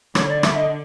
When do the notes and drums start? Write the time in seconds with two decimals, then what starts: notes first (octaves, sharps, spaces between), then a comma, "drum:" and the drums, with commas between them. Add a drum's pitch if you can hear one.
0.15 D3 C#5, drum: rim click
0.29 D5
0.43 E5, drum: rim click
0.56 D#5